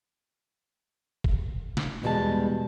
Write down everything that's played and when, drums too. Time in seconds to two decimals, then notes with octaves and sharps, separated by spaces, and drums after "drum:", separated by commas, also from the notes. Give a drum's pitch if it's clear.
1.24 drum: kick
1.77 drum: snare
2.03 E2 B2 G3 G#3 A5